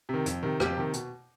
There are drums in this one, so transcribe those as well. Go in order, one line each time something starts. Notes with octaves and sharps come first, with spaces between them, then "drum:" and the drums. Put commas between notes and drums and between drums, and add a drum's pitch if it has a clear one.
C3 D#3
F2, drum: hi-hat
C3 D#3
F2 G4, drum: rim click
C3 D#3
B2, drum: hi-hat